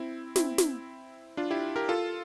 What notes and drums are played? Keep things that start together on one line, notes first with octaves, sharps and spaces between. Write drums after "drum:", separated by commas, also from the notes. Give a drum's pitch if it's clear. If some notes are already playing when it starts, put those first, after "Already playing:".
Already playing: C4 E4
C4 E4, drum: snare
drum: snare
D4 F4
E4 G4
G4 A#4
F4 A4